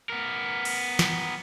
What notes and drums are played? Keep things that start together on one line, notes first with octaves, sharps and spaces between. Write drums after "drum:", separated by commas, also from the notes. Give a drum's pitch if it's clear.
B3 A#4
drum: cymbal
drum: snare